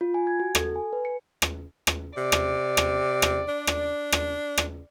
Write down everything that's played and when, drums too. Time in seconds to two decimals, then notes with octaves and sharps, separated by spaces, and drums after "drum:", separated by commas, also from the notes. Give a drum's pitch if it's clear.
0.01 F4
0.14 G#5
0.27 G#6
0.40 F#4
0.55 A4, drum: rim click
0.76 G#5
0.93 B4
1.05 C#7
1.42 drum: rim click
1.87 drum: rim click
2.17 C3 D5
2.32 drum: rim click
2.77 drum: rim click
3.22 drum: rim click
3.48 D4
3.67 drum: rim click
4.12 drum: rim click
4.58 drum: rim click